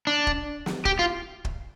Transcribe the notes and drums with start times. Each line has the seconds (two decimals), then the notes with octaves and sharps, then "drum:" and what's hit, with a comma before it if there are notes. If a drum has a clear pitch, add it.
0.07 D4
0.27 drum: kick
0.66 drum: snare
0.85 G4, drum: kick
0.99 F4
1.45 drum: kick